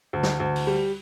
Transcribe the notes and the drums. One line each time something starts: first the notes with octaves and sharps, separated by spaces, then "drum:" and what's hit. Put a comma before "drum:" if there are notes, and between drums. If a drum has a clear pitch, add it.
D2
drum: snare
D2
drum: open hi-hat
G3